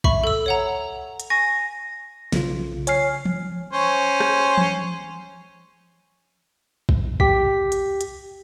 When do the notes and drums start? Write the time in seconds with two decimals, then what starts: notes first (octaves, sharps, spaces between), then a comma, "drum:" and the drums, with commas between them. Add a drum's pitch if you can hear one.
0.04 E5 B5 C#6, drum: kick
0.24 A4 E6
0.46 C#5 F#5 A#5
1.20 drum: hi-hat
1.30 G#5 C#6 A#6
2.32 B1 C#3 F4, drum: snare
2.87 C#5 G#5 F6 C7, drum: hi-hat
3.25 drum: tom E3
3.73 C#4 C5
4.20 drum: rim click
4.58 drum: tom E3
6.89 drum: kick
7.20 G4 B6, drum: kick
7.72 drum: hi-hat
8.01 drum: hi-hat